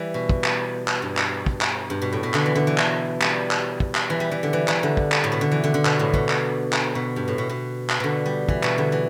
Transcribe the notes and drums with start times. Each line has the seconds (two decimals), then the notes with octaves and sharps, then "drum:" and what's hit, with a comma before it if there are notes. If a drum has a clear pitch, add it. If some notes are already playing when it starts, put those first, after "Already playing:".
Already playing: E3 G3
0.14 B2
0.29 drum: kick
0.44 drum: clap
0.88 drum: clap
1.02 G2
1.17 drum: clap
1.46 drum: kick
1.61 drum: clap
1.90 G2
2.02 B2
2.12 A2
2.23 B2
2.34 D3, drum: clap
2.46 E3
2.55 D3
2.67 E3
2.78 drum: clap
3.21 G3, drum: clap
3.51 drum: clap
3.80 drum: kick
3.95 drum: clap
4.10 E3
4.20 G3
4.31 E3
4.43 D3
4.53 E3
4.68 E3, drum: clap
4.83 D3
4.97 drum: kick
5.12 drum: clap
5.24 A2
5.32 B2
5.41 D3
5.51 E3
5.64 D3
5.74 D3
5.85 B2, drum: clap
5.99 A2
6.14 B2, drum: kick
6.29 drum: clap
6.73 drum: clap
6.95 B2
7.16 G2
7.28 A2
7.38 B2
7.49 B2
7.90 drum: clap
8.00 B2 D3
8.26 G3
8.49 E3, drum: kick
8.63 B2, drum: clap
8.78 D3
8.92 E3